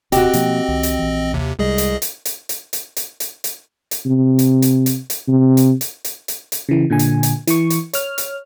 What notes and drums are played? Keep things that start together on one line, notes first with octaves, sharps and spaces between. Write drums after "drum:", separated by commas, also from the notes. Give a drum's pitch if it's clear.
D#1 C3 C4 F#4 G4 D#5, drum: hi-hat
B2 F3 A#3, drum: hi-hat
C2 D#3
drum: hi-hat
A#1 E3
D#2 C3
C2 C3 G3 G#3 G#4 D#5
drum: hi-hat
drum: hi-hat
drum: hi-hat
drum: hi-hat
drum: hi-hat
drum: hi-hat
drum: hi-hat
drum: hi-hat
drum: hi-hat
C3
drum: hi-hat
drum: hi-hat
drum: hi-hat
drum: hi-hat
C3
drum: hi-hat
drum: hi-hat
drum: hi-hat
drum: hi-hat
drum: hi-hat
C#3 E3
A#2 D3 G#5
drum: hi-hat
drum: hi-hat
E3 C#6, drum: hi-hat
drum: hi-hat
C#5 F6, drum: hi-hat
drum: hi-hat